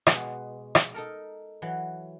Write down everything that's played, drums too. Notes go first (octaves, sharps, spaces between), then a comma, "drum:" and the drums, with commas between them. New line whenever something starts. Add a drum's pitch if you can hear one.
B2 G#3 G#5 A#5, drum: rim click
drum: rim click
D#4 A4 A#4
E3 F#3